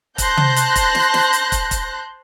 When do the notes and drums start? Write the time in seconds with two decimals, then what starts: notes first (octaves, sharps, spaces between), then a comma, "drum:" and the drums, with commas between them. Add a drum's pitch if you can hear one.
0.18 C5 A5 C6 F#6 G6 A#6, drum: kick, hi-hat
0.37 drum: tom
0.56 drum: hi-hat
0.76 drum: kick, hi-hat
0.95 drum: snare
1.14 drum: snare
1.33 drum: hi-hat
1.52 drum: kick, hi-hat
1.71 drum: kick, hi-hat